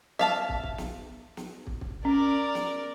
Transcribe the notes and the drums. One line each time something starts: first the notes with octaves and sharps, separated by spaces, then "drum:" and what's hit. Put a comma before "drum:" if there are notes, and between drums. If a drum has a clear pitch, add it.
E5 F5 A5, drum: snare
drum: kick
drum: kick
drum: snare
drum: snare
drum: kick
drum: kick
C#4 A#4 D5
drum: snare